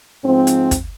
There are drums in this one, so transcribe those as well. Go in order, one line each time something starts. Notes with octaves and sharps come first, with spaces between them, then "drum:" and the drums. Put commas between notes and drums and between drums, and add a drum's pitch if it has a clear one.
G#2 F3 C4
drum: hi-hat
drum: kick, hi-hat